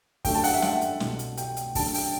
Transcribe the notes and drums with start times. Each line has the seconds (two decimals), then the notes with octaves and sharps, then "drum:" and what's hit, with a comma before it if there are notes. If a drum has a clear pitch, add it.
0.25 F#2 D3 A3 G5, drum: kick, open hi-hat
0.35 A5
0.44 F#5, drum: open hi-hat
0.53 E5
0.62 F#5, drum: snare
0.82 drum: hi-hat
1.00 C2 B2 A3, drum: snare
1.19 drum: hi-hat
1.38 G5, drum: hi-hat
1.57 drum: hi-hat
1.75 F#2 D3 A3 A5, drum: kick, open hi-hat
1.94 G5, drum: open hi-hat